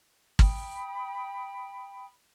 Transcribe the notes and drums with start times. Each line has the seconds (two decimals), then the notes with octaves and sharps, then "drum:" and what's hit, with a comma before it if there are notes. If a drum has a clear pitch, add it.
0.39 G5 B5 D#6, drum: kick G#1